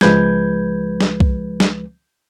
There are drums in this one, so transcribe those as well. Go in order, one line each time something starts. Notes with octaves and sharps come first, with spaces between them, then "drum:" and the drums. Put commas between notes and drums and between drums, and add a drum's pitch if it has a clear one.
C#2 F3 G#3 B4 G6 G#6, drum: snare
drum: snare
drum: kick B1
drum: snare